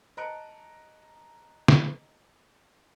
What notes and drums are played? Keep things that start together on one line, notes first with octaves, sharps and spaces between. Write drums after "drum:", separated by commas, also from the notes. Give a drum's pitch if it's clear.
D#5 A5 A#5 F#6 C#7 D7
drum: snare